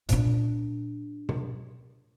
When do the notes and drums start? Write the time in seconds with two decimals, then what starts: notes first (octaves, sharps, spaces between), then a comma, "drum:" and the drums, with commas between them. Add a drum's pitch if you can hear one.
0.09 A#2 D4, drum: hi-hat
1.29 drum: tom B2